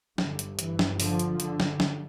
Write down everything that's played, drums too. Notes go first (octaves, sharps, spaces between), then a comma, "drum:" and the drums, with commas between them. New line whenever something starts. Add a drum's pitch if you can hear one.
G1 G2 D3, drum: snare
drum: hi-hat
E3, drum: hi-hat
drum: snare
D3 F3, drum: open hi-hat
drum: hi-hat
D3, drum: hi-hat
drum: snare
drum: snare